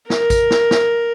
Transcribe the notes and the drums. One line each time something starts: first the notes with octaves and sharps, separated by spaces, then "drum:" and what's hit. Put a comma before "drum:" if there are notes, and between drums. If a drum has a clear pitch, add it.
A#4, drum: snare
drum: kick A1, tambourine
drum: snare
drum: snare